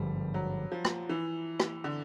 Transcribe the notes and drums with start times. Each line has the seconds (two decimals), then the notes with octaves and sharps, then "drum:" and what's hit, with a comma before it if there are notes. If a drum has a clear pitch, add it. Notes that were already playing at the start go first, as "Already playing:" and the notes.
Already playing: G#1 G2 D3 F3 G3
0.34 F#3
0.72 F3
0.85 drum: rim click
1.09 E3
1.60 drum: rim click
1.84 D3